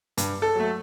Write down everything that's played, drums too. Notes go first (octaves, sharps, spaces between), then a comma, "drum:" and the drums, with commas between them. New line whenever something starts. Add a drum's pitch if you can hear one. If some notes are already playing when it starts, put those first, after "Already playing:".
G2, drum: hi-hat
A4
F#3 A3